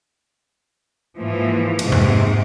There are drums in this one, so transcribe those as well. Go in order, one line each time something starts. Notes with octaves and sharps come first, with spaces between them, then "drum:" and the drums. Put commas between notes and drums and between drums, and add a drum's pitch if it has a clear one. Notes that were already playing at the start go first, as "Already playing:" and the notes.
G#2 E3 F3 A#3
G#2 C3, drum: cymbal
drum: tom F2